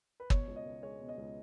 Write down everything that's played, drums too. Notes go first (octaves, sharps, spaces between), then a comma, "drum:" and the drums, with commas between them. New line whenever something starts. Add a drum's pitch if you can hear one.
B4
B2 C#5, drum: kick
C#2
D#5
C#2
G#3 C#5
B2
D#5
C#2